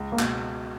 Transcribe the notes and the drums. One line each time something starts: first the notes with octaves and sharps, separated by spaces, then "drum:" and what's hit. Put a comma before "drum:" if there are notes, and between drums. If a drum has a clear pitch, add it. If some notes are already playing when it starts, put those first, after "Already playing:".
Already playing: C#2
A#3
B2, drum: clap